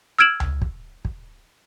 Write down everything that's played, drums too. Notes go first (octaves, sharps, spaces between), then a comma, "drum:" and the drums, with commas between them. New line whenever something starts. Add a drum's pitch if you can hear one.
E6 F6 G#6 D7 E7 F#7
drum: tom C#2
drum: kick
drum: kick